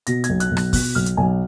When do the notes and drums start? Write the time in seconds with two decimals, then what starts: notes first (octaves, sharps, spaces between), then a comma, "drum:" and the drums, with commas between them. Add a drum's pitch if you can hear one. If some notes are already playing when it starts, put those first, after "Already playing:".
0.07 B2 A#6, drum: hi-hat
0.24 G#6, drum: hi-hat
0.29 B1
0.40 F#6, drum: hi-hat
0.51 B1
0.57 F#6, drum: rim click
0.73 B2 F#6, drum: kick, open hi-hat
0.95 B1 F6
1.06 drum: hi-hat
1.17 B1 G#5